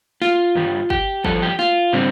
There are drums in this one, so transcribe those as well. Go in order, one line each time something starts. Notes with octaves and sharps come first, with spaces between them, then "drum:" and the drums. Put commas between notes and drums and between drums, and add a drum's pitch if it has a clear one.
F4, drum: snare
G2 G3, drum: tom D3
G4, drum: kick G1
G2 F3 A4, drum: kick G1
G4
F4, drum: snare
D3 G3 C4, drum: tom